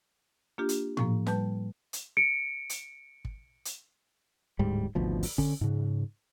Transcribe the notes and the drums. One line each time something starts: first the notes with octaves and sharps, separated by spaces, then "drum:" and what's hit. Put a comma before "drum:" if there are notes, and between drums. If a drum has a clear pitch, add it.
A#3 D4 F4 G4
drum: hi-hat
A2 F3 A#3, drum: tom A#2
G3 B4 A5 G6, drum: snare
drum: hi-hat
C#7 D7
drum: hi-hat
drum: kick
drum: hi-hat
D1 G#2 G3
G#1 D2 B2 F3
drum: open hi-hat
D3 C#4, drum: kick
G#2 C#3